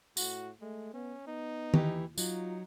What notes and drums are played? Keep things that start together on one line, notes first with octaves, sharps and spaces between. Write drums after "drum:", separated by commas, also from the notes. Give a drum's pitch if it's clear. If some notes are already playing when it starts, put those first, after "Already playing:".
A2 F#4, drum: tambourine
G#3 A3
B3 C#4
B3 D#4
E3 G4, drum: tom D#3
F#3 D#4 F4, drum: tambourine